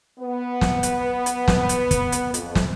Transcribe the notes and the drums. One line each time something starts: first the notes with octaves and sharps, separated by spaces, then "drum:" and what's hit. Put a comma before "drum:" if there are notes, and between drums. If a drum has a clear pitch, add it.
B3
drum: snare
drum: hi-hat
drum: hi-hat
drum: snare
drum: hi-hat
drum: kick, hi-hat
drum: hi-hat
F2, drum: hi-hat
drum: snare